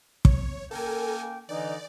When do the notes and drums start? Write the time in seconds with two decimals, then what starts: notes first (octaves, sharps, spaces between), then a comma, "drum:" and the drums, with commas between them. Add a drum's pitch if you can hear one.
0.25 C#5, drum: kick
0.71 A#3 C#4 A4 A#4 G5 G#5
1.49 D3 E3 D#4 D5